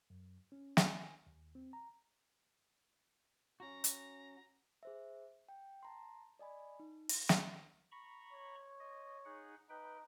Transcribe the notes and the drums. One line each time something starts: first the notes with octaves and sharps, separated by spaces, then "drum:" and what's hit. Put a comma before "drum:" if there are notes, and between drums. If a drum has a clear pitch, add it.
F#2
C#4
G#5, drum: snare
D#2
C4
A#5
C#4 F#4 A#5
drum: hi-hat
G#4 C5 E5
G5
A5 A#5 C6
D5 D#5 G#5 B5
D#4
drum: open hi-hat
drum: snare
A#5 B5 C#6
C#5
D#5
D#4 G#4 F#5
D#4 B4 G5